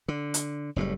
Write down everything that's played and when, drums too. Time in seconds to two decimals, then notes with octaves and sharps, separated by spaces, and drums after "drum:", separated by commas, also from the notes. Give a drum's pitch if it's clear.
0.08 D3
0.34 drum: hi-hat
0.76 F#1 A2 C#3 G3